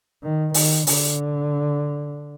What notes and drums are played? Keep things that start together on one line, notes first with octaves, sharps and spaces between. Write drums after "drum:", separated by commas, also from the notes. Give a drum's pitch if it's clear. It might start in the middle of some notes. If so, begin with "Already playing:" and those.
D#3
D#3, drum: open hi-hat
D3, drum: open hi-hat